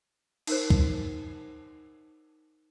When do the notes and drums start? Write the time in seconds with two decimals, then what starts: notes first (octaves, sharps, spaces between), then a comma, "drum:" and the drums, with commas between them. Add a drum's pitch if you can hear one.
0.47 D#4 A#4 C5, drum: cymbal
0.70 drum: kick